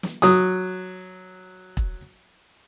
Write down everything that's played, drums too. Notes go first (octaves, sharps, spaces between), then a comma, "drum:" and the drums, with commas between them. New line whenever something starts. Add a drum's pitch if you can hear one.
drum: snare
F#3 D#6, drum: hi-hat
drum: kick E1